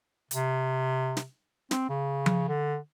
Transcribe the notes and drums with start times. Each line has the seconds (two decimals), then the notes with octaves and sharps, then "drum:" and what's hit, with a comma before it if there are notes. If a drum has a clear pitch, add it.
0.31 C3, drum: hi-hat
1.17 drum: snare
1.71 C4, drum: snare
1.89 C#3
2.26 drum: tom F3
2.48 D3